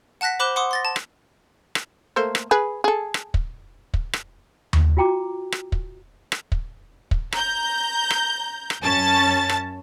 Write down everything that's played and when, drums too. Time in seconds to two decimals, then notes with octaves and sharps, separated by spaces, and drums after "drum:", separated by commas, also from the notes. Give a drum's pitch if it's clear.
0.21 F#5 A5 F#6 A#6 B6
0.40 C5 B5 D6 F#6 E7 G7
0.56 F#5 C6 D6 D#6
0.71 C6 A6 A#6
0.85 A5
0.96 drum: rim click
1.75 drum: rim click
2.16 A3 A#3 C5
2.35 drum: rim click
2.51 G#4 B4
2.84 G#4 A4
3.14 drum: rim click
3.34 drum: kick
3.94 drum: kick
4.13 drum: rim click
4.73 drum: tom D#2
4.97 F4 F#4 G5 A#5 D6
5.52 drum: rim click
5.72 drum: kick
6.32 drum: rim click
6.52 drum: kick
7.11 drum: kick
7.32 A#5 G6, drum: rim click
8.10 drum: rim click
8.70 drum: rim click
8.82 F#2 C#4 A5 A6
9.49 drum: rim click